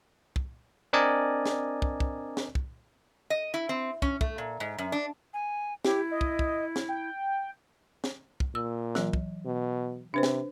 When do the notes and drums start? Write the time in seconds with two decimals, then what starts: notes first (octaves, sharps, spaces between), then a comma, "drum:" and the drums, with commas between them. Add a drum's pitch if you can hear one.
0.36 drum: kick
0.93 C4 D4 A#4 D5 D#5 G#5
1.46 drum: snare
1.82 drum: kick
2.00 drum: kick
2.37 drum: snare
2.55 drum: kick
3.30 D#5
3.54 E4
3.69 C4
4.02 C#4, drum: kick
4.21 A3, drum: kick
4.38 A#2
4.60 G#2
4.78 F#2
4.92 D4
5.34 G#5
5.85 E4 G4, drum: snare
6.11 D#5
6.21 drum: kick
6.39 drum: kick
6.76 drum: snare
6.89 G5
8.04 drum: snare
8.40 drum: kick
8.55 A#2 E6
8.95 E3 F#3, drum: snare
9.13 drum: kick
9.45 B2
10.14 C3 D4 B4 C5
10.23 drum: snare